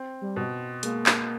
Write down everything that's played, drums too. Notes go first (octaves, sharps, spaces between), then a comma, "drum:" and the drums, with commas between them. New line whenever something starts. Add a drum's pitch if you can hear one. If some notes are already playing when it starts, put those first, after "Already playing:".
Already playing: C4
G3
B2
G#3 A#3, drum: hi-hat
drum: clap